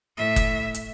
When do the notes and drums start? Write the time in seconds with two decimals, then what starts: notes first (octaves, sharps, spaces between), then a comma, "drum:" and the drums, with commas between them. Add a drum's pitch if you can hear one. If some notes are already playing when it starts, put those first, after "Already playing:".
0.17 A2 E5
0.36 drum: kick F#1, hi-hat
0.74 drum: hi-hat